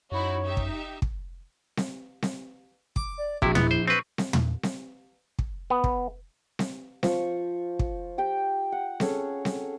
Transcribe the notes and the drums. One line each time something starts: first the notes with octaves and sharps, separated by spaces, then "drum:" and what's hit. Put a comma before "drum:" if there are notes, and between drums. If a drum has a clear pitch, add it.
F#2 D#4 E4 F#4 C#5
D#4 G4 E5
drum: kick
drum: kick
drum: snare C4
drum: snare C4
D6, drum: kick
D5
A#1 C3 E4 F#4, drum: kick
B3 E4, drum: tom
C5
C4 B4 C#6
drum: snare C4
drum: tom
drum: snare C4
drum: kick
B3
drum: kick
drum: snare C4
F3 C#6, drum: snare C4
drum: kick
G4 G5
F#5
C#4 G#4 A4, drum: snare C4
drum: snare C4